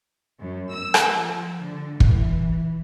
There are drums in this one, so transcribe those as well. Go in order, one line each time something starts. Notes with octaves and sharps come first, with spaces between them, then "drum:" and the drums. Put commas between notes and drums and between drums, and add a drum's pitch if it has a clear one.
F#2
E6
drum: rim click
F3
D3
E3, drum: kick